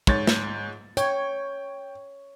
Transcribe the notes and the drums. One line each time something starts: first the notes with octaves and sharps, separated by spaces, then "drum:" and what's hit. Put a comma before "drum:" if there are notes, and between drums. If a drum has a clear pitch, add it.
G#2 C#5 A6, drum: kick
drum: snare
C#5 G5, drum: hi-hat